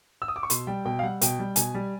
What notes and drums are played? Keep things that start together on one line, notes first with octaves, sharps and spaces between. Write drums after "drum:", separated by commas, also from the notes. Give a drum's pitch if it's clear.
E6
D#6
D6
C#6
B2 C6, drum: hi-hat
G3 G5
B2 G5
F5
G3 F#5
B2 G5, drum: hi-hat
G3
B2 G#5, drum: hi-hat
G3